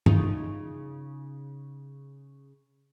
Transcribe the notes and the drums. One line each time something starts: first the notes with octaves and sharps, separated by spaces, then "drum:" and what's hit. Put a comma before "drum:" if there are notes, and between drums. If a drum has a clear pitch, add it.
C#3 D#4 F4, drum: tom G2